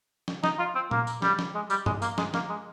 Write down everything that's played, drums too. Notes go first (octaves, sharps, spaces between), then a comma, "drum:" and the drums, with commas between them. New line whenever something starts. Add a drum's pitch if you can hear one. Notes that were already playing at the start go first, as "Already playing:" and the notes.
drum: snare
D#4, drum: snare
F4
C4
A#3, drum: tom A#2
drum: tambourine
G3, drum: snare
drum: snare
G#3
G3, drum: tambourine
G#3, drum: tom G2
A#3, drum: tambourine
G#3, drum: snare
A#3, drum: snare
G#3